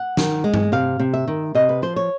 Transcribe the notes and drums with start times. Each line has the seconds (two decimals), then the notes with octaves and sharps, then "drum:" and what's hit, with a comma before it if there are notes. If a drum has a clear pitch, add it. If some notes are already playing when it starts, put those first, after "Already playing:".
Already playing: F#5
0.17 D#3, drum: snare
0.44 G#3
0.54 drum: tom G2
0.72 C3 F5
1.00 C3
1.14 E5
1.28 D#3
1.55 C3 D#5
1.69 B4
1.82 F3 C5
1.96 C#5